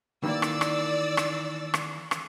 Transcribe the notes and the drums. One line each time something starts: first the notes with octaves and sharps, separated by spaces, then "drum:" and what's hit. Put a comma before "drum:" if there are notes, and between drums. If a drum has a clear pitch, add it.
D#3 E3 A#3 D5 E6
drum: rim click
drum: rim click
drum: rim click
drum: rim click
drum: rim click